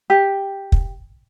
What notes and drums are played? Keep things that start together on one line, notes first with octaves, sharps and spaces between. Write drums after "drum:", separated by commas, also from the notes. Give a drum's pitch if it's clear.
G4
drum: kick